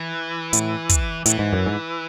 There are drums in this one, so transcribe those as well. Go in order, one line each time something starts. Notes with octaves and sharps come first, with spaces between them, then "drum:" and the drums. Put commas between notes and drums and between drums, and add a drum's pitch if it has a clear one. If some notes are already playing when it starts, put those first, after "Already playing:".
Already playing: E3
A2, drum: hi-hat
drum: kick, hi-hat
A2 E3, drum: hi-hat
G#2
F#2
G#2